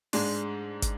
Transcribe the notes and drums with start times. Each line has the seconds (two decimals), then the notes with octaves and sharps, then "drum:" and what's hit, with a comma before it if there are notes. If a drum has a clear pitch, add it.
0.13 G#2 G#3 D4, drum: open hi-hat
0.82 drum: kick, hi-hat